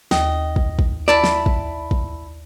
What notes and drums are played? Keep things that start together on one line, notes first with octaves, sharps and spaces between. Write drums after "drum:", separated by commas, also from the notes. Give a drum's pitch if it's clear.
D#2 D#5, drum: snare
drum: kick
drum: kick
E4 D5 A5 B5
drum: snare
drum: kick
drum: kick